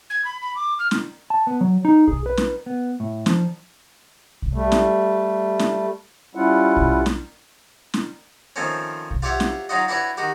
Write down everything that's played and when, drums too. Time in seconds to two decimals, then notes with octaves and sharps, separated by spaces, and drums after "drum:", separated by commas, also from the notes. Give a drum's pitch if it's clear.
0.10 G#6
0.24 B5
0.42 B5
0.55 D6
0.79 F6
0.91 drum: snare
1.30 A5
1.47 B3
1.61 F#3
1.85 D#4
2.08 G#4, drum: kick
2.26 B4
2.37 drum: snare
2.66 B3
3.00 A2
3.26 F3, drum: snare
4.42 drum: kick
4.53 G3 A3
4.72 drum: snare
5.59 drum: snare
6.35 G3 C#4 E4 F4 F#5
6.77 drum: kick
7.06 drum: snare
7.94 drum: snare
8.56 D#3 F3 A3 C4 C#4
9.11 drum: kick
9.22 F4 G4 C5 C#5 E5 F#5
9.40 drum: snare
9.69 F#3 D#4 F4 F#4 D#5
9.88 D4 E4 F#4 B4 C#5 C#6
10.17 D#3 F#4 G4